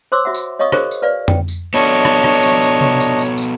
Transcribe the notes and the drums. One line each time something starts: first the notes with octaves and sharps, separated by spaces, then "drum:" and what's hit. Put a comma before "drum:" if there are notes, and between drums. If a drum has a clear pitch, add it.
C5 C#5 C6 D6 E6
F#4 E5 F#5
drum: tambourine
C#5 D#5 F5 C#6 D#6
F#4 G#4 A#4 C5 C#5 C#6, drum: rim click
drum: tambourine
B4 C#5 D5 F5
G5, drum: tom F2
drum: tambourine
B3 D4 F#4 A4 C#5 D#5
drum: rim click
drum: rim click
drum: tambourine
drum: tambourine
drum: tom C3
drum: tambourine
drum: tambourine
drum: tambourine